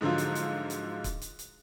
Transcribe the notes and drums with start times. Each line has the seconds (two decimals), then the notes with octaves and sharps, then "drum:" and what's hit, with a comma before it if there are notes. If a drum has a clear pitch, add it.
0.01 G#2 D3 F3 F#3 F4
0.18 drum: hi-hat
0.35 drum: hi-hat
0.70 drum: hi-hat
1.04 drum: kick C#1, hi-hat
1.21 drum: hi-hat
1.39 drum: hi-hat